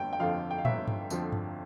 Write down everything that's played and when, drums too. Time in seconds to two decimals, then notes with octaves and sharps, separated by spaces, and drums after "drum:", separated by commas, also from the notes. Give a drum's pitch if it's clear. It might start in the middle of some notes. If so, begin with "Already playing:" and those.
Already playing: G1 F2 D3 G5
0.13 G5
0.20 F2 D3 F3 F5
0.51 G5
0.58 F5
0.65 G1 E5, drum: tom
0.87 drum: tom G2
1.10 F2 D3 F3, drum: tambourine
1.32 drum: tom G2